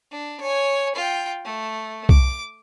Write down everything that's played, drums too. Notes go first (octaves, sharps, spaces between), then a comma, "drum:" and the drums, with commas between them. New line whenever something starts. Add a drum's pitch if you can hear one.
D4
C#5 G#5
F4 G5
A3
D6, drum: kick C2